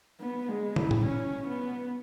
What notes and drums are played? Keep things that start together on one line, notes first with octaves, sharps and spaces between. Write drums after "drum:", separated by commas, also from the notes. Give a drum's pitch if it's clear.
B3
G#3
E4, drum: tom
drum: tom A2
C#4
B3